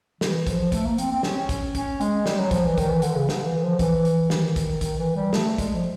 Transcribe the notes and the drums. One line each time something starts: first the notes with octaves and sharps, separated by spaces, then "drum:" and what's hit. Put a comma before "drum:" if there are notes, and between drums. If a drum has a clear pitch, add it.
E3, drum: snare
F3, drum: kick, hi-hat
A3, drum: kick, hi-hat
A#3
C4, drum: hi-hat
C4
C#4, drum: snare
drum: kick, hi-hat
C#4, drum: kick, hi-hat
G#3, drum: hi-hat
G3, drum: snare
F#3
F3, drum: kick, hi-hat
E3
D#3, drum: kick, hi-hat
E3
D3, drum: hi-hat
C#3
D3, drum: snare
E3
F3
E3, drum: kick, hi-hat
drum: hi-hat
D#3, drum: snare
drum: kick, hi-hat
D#3, drum: kick, hi-hat
E3
G3
A3, drum: snare
G#3, drum: kick, hi-hat
F3